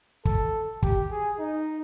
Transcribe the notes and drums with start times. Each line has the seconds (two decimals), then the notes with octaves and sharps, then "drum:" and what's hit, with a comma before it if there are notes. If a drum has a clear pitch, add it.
0.25 A4, drum: kick
0.83 G4, drum: kick
1.11 G#4
1.39 D#4